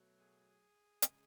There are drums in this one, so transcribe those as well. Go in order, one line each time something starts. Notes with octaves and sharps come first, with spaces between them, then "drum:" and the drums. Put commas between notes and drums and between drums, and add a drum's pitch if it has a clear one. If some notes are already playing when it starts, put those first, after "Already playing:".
Already playing: B2 F#3 A3
G#4
C#3 G#3, drum: hi-hat